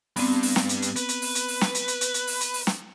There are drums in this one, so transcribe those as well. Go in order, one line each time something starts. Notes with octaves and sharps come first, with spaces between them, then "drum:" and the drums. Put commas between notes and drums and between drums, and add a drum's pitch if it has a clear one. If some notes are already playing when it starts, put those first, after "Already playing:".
G2 B3 C4, drum: open hi-hat
drum: open hi-hat
drum: snare
drum: hi-hat
drum: hi-hat
B4, drum: hi-hat
drum: hi-hat
drum: open hi-hat
drum: hi-hat
drum: open hi-hat
drum: snare
drum: hi-hat
drum: hi-hat
drum: hi-hat
drum: hi-hat
drum: open hi-hat
drum: hi-hat
drum: open hi-hat
drum: snare